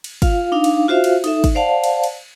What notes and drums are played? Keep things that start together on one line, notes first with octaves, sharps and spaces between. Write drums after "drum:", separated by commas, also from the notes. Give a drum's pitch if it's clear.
drum: cymbal
F4 F5, drum: kick, cymbal
D4 D#4 F5
drum: cymbal
F4 F#4 C5 E5 F5
drum: cymbal
D#4 A4 E5, drum: cymbal
drum: kick, cymbal
C5 D5 F5 F#5 A5
drum: cymbal
drum: cymbal